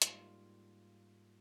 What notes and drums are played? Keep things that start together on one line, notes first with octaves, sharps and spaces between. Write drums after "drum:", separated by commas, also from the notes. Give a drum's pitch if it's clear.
G#2 G3 A#3 F4, drum: hi-hat